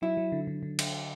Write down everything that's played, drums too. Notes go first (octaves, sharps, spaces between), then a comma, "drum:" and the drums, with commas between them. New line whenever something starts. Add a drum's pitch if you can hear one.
F#3 E4
F#3
D3
D3
D3
D3, drum: cymbal